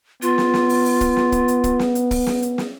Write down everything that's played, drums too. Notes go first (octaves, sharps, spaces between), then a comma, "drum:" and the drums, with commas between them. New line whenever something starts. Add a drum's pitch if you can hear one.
B3 F4, drum: hi-hat
drum: snare
drum: snare
drum: open hi-hat
drum: open hi-hat
drum: kick, hi-hat
drum: snare
drum: kick, hi-hat
drum: hi-hat
drum: kick, hi-hat
drum: snare
drum: hi-hat
drum: kick, open hi-hat
drum: snare
drum: hi-hat
drum: snare